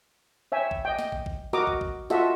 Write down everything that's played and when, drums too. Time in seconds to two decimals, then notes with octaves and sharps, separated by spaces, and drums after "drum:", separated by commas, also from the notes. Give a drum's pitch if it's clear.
0.52 C#5 E5 G5 G#5
0.71 drum: kick
0.85 D#5 G5
0.99 drum: snare
1.12 drum: kick
1.26 drum: kick
1.53 F#4 A#4 D#5 A#5 D6 D#6, drum: snare
1.67 drum: kick
1.81 drum: kick
2.10 F4 F#4 A4 D#5 E5 F#5, drum: snare